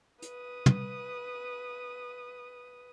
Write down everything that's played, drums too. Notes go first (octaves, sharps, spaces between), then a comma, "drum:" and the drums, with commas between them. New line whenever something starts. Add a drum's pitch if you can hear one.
B4 D#6, drum: hi-hat
drum: tom